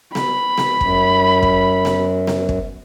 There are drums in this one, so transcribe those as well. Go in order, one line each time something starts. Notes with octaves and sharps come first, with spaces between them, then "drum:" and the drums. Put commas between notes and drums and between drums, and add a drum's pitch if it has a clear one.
B5, drum: snare B3
drum: snare B3
F#2, drum: kick
drum: kick
drum: snare B3
drum: snare B3
drum: kick